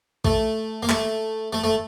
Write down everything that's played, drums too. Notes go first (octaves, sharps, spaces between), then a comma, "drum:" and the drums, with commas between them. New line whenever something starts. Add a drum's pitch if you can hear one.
A3, drum: kick
A#3
A3, drum: clap
A3
A3